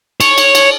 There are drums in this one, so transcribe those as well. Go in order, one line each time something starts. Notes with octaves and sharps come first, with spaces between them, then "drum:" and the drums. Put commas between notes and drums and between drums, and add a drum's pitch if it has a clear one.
C#5, drum: cymbal
drum: cymbal
drum: cymbal